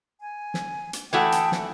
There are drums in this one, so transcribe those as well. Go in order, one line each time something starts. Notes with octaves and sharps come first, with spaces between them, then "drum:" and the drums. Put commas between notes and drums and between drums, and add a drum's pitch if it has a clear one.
G#5
drum: snare
drum: hi-hat
E3 A3 F#4 G5 A5 D#6
drum: hi-hat
drum: snare